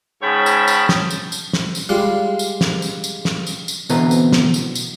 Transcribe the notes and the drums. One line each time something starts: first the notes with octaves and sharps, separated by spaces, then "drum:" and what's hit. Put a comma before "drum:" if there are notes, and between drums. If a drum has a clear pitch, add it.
G#2 C#3 C#5 G5 A5 B5
drum: tambourine
drum: tambourine
drum: snare
drum: tambourine
drum: tambourine
drum: snare
drum: tambourine
G3 G#3 F4
drum: tambourine
drum: snare
drum: tambourine
drum: tambourine
drum: snare
drum: tambourine
drum: tambourine
B2 D3 E3 C4 B4 A#5, drum: tambourine
drum: tambourine
drum: snare
drum: tambourine
drum: tambourine